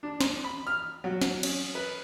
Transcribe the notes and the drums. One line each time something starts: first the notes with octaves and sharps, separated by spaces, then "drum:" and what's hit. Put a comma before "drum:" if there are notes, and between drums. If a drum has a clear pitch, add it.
D4
C6, drum: snare
B5
F6
F#3
drum: snare
C#4, drum: cymbal
B4